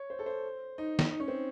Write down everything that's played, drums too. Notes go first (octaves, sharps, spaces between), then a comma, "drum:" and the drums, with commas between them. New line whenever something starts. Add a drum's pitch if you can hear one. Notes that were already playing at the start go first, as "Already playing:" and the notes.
Already playing: C#5
C5
A4
C5
D#4
drum: snare
D#4
C#4
C4